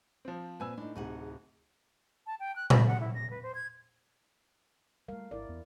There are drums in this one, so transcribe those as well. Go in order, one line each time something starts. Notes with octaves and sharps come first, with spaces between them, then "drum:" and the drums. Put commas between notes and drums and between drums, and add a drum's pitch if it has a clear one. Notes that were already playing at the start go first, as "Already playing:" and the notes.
F3 C4
A#2 C4 B4 G#5 E6
A2 D4 D#4
D1 C3 D#4 G#4 F#5
A5
G5
F#6
B5, drum: tom A#2
F#5
E4
A#6
B4
C5
G#6
G3 A3 A#4 F5
G#1 E4 A#4 D5
E2 B3